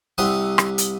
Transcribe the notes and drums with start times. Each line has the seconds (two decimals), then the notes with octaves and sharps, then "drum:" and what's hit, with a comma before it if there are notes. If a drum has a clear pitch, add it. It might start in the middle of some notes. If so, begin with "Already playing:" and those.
0.18 C2 C3 F5 F#5 D#6
0.58 drum: rim click
0.78 drum: hi-hat